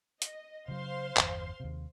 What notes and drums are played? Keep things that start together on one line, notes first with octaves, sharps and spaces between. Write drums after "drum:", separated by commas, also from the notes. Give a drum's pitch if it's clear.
D#5, drum: hi-hat
C#3 F#3 C5 F5 C6
G1 E2, drum: clap
D#2 C3